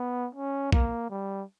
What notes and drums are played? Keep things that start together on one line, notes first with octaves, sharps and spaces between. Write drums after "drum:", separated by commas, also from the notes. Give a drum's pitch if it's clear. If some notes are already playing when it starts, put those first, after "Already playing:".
Already playing: B3
C#4
A#3, drum: kick
G3